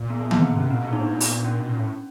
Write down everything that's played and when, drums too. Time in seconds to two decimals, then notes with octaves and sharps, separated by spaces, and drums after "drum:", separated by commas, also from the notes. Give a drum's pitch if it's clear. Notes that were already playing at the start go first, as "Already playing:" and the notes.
Already playing: A#2
0.10 B3
0.21 A#3
0.31 B3, drum: tom D#3
0.40 C3 C4
0.55 C3 C#4
0.70 A#2 C4
0.80 B2 B3
0.90 A#2 D#4
0.99 A2 D4
1.14 A#2
1.20 D#4, drum: open hi-hat
1.29 D4
1.44 C#4
1.60 B2
1.69 A#2
1.78 A2